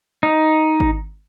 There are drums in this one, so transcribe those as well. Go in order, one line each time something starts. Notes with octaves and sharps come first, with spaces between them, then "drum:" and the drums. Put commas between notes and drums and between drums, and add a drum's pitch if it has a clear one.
D#4
drum: kick G#1